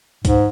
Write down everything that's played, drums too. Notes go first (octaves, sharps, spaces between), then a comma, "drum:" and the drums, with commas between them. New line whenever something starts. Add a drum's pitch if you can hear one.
G#2, drum: kick C2, hi-hat